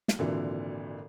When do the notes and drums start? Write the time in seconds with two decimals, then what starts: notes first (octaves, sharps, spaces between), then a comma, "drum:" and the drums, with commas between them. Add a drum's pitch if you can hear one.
0.08 drum: snare
0.19 G#1 A#2 D3 E3 F#3